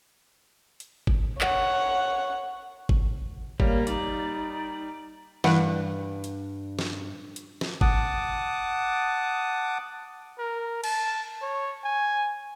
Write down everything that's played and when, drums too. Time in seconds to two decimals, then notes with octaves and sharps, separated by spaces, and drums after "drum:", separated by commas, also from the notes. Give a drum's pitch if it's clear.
0.80 drum: hi-hat
1.07 drum: kick G1
1.41 C#5 F#5, drum: clap
2.89 drum: kick G1
3.60 G3 A#3 C#5, drum: kick G1
3.87 D#4 D5, drum: hi-hat
5.44 G2 E3 F#5, drum: snare
6.24 drum: hi-hat
6.79 drum: snare
7.36 drum: hi-hat
7.61 drum: snare
7.81 F#5 A5 D6 D#6, drum: kick G1
10.39 A#4
10.84 A5, drum: cymbal
11.42 C#5
11.84 G#5